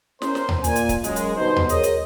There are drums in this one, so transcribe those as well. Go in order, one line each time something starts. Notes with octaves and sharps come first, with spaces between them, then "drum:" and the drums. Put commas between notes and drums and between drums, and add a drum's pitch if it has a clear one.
C#4 A#4 C5, drum: snare
drum: snare
drum: tom D#2
A#2 G#5, drum: hi-hat
drum: hi-hat
drum: kick C#1, hi-hat
F#2 G#3, drum: hi-hat
drum: hi-hat
G1 B2 D#4 C5
drum: tom D#2
G#4 A#4 C#5 D#5, drum: hi-hat
drum: hi-hat